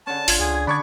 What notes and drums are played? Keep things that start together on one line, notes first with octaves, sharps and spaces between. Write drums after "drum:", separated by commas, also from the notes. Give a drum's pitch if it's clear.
D3 C#4 A5
G#1 F4 G#6, drum: open hi-hat
C#2 G#4
D3 D4 G#4 D5 B5 C#6 G#6